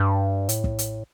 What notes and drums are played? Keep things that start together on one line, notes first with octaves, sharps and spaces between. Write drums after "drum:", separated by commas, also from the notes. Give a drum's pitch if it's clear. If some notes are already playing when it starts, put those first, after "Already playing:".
Already playing: G2
A2, drum: hi-hat
drum: kick
drum: hi-hat